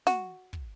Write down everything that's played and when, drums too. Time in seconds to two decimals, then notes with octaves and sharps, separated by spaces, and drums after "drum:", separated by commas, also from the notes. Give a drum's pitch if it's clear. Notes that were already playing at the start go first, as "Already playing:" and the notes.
0.07 F#4, drum: snare
0.53 drum: kick